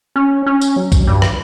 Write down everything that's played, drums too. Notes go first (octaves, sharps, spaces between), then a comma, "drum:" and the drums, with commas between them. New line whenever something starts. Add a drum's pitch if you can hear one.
C#4
C#4
drum: tambourine
F#3
drum: kick, tambourine
G2
drum: rim click